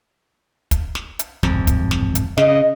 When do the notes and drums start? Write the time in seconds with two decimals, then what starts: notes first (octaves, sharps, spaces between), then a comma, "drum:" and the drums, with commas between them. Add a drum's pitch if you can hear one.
0.71 drum: kick, hi-hat
0.95 drum: snare
1.19 drum: hi-hat
1.43 D1 G#1 F2, drum: snare
1.67 drum: kick, hi-hat
1.91 drum: snare
2.15 drum: hi-hat
2.38 C#3 D#5, drum: snare